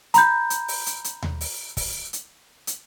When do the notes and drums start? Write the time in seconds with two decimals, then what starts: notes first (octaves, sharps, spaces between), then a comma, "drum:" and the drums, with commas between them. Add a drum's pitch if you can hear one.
0.14 A#5 B5 G6, drum: hi-hat
0.50 drum: hi-hat
0.68 drum: open hi-hat
0.86 drum: hi-hat
1.04 drum: hi-hat
1.23 drum: tom D#2
1.41 drum: open hi-hat
1.77 drum: kick, open hi-hat
2.13 drum: hi-hat
2.67 drum: hi-hat